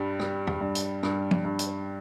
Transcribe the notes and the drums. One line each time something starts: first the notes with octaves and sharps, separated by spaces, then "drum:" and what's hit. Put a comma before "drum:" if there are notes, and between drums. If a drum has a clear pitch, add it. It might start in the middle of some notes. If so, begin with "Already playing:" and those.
Already playing: G2 G3
G3, drum: rim click
drum: tom
G2
drum: hi-hat
G2, drum: rim click
drum: tom
G2
drum: hi-hat